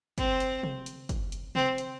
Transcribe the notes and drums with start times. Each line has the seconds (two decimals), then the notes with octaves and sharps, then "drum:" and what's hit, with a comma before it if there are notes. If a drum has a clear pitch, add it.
0.18 C4, drum: kick, hi-hat
0.40 drum: hi-hat
0.63 drum: tom C3
0.86 drum: hi-hat
1.09 drum: kick, hi-hat
1.32 drum: hi-hat
1.55 C4, drum: tom C3
1.78 drum: hi-hat